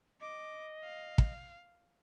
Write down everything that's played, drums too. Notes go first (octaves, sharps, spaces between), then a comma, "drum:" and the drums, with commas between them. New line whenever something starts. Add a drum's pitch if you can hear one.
D#5 D6
F5
drum: kick